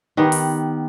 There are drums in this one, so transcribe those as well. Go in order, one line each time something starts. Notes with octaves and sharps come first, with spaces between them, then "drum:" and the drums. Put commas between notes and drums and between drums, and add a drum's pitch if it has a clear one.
D#3 B3 G4
drum: open hi-hat